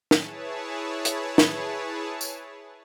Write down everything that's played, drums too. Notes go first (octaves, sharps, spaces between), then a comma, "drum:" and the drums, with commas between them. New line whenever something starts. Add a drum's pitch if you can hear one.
E4 G#4 B4 C#5 A5, drum: snare
drum: hi-hat
drum: snare
drum: tambourine